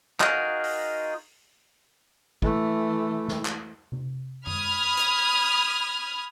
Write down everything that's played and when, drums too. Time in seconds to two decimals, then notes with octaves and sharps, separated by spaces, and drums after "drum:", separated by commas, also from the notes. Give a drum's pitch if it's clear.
0.20 D#4 F4 F#4 G#4 A#4, drum: clap
0.64 drum: open hi-hat
2.42 E3 A3, drum: kick
3.28 drum: snare
3.45 drum: clap
3.92 drum: tom C3
4.47 B5 D#6 F6 G#6, drum: tom F#2
4.97 drum: hi-hat